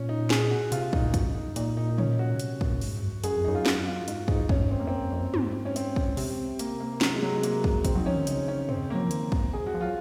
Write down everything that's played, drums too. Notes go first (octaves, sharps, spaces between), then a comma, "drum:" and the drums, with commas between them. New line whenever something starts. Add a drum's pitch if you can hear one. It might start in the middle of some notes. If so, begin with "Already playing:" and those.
Already playing: A#2 C#4
D#4
G#4, drum: snare
F#4
C3 F4, drum: hi-hat
A#2 D#4, drum: kick
F#2, drum: kick, hi-hat
D#4
A#2 D#4, drum: hi-hat
D#4
D#4
C#4, drum: tom
F#4
C#3
C3, drum: hi-hat
A#2, drum: kick
G#2, drum: open hi-hat
F#2
F#2 G#4, drum: hi-hat
F2
F#2 D#4
F4
F#4, drum: snare
F4
G#2, drum: hi-hat
G#2 D#4, drum: kick
F2 C#4, drum: kick
G#2
F#2 C4
A#3
F2
F#2 C4
F2
F2
F#2
G#2, drum: tom
C#4
C4, drum: hi-hat
drum: kick
C3, drum: open hi-hat
A#3, drum: hi-hat
A#3
F#3, drum: snare
G#3
F#3
G#3
A#3, drum: hi-hat
drum: kick
C4, drum: kick, hi-hat
F#3 D#4
F3 C#4
D#3
C#3 D#4, drum: hi-hat
C#4
C4, drum: tom
F#3 A#3
F3
D#3, drum: hi-hat
drum: kick
G#4
F#4
F3
F#3 F4